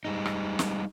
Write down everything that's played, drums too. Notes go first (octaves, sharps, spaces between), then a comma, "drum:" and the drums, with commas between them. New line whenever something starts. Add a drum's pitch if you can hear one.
G3 G#3 D#4
drum: rim click
drum: snare